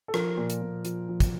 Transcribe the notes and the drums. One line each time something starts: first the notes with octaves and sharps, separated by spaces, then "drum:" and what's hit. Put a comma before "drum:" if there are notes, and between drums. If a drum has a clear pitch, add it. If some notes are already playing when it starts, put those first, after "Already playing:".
A4
F3 A#4, drum: rim click
A#2
drum: hi-hat
A#2
F3, drum: hi-hat
F3
drum: kick, hi-hat